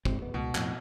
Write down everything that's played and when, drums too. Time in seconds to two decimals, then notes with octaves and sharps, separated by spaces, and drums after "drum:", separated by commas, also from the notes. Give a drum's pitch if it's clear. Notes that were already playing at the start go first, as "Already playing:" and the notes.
0.05 G#2 C4, drum: kick
0.22 D#1 B3
0.34 C#2 B2
0.55 F2 A2, drum: clap